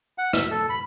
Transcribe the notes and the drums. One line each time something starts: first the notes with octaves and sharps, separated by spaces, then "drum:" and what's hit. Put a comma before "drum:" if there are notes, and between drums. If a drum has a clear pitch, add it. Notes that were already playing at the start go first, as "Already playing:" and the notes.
F#5
E5, drum: rim click
A4
B5